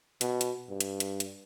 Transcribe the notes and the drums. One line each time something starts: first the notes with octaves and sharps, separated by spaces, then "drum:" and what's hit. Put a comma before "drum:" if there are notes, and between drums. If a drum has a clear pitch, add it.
B2, drum: hi-hat
drum: hi-hat
G2
drum: hi-hat
drum: hi-hat
drum: hi-hat